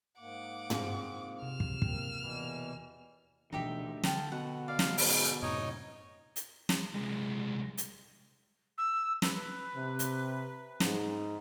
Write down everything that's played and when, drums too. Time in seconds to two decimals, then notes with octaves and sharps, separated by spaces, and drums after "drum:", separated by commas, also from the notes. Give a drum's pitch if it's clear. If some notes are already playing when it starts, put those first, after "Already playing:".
0.19 G#2 A#3 F#5 D6
0.70 C4 F4 G#4, drum: tom
1.42 C3 F6 E7
1.60 drum: kick
1.82 A#3 C4, drum: kick
2.20 E2 B2 E3
3.53 D2 B2 E3 F3 D#4 G4 E5
4.04 D3 F5 G5 A5, drum: snare
4.32 B2 F#5
4.68 D5 F5
4.79 drum: snare
4.98 G#2, drum: open hi-hat
5.42 F#2 A2 C3 D#4 C#5 D#5
6.36 drum: hi-hat
6.69 drum: snare
6.94 C2 G#3
7.78 drum: hi-hat
8.77 E6
9.22 B4, drum: snare
9.75 C3
9.99 drum: hi-hat
10.80 G#2, drum: snare